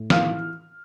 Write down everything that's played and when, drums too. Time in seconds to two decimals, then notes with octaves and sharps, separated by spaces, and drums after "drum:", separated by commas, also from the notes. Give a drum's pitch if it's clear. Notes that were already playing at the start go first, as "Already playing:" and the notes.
Already playing: A2
0.10 E3 F5 F6, drum: snare